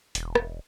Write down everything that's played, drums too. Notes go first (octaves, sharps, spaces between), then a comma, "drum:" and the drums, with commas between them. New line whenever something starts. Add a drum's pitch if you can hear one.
E1, drum: hi-hat
drum: rim click